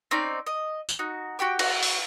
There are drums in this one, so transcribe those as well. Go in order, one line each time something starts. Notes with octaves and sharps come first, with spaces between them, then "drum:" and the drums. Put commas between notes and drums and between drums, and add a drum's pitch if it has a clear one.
C4 C#4 D#4 D5
D#5
drum: tambourine
D#4 F#4
F#4 G4 G5 D6
F#4, drum: cymbal
drum: open hi-hat